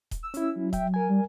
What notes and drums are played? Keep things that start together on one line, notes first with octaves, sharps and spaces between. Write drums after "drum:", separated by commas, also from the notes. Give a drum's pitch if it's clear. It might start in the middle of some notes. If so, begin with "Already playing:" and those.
drum: kick D#1, hi-hat
E6
C#4 E4, drum: hi-hat
F#3
E5 G5, drum: kick D#1, hi-hat
A#4 G#5
G3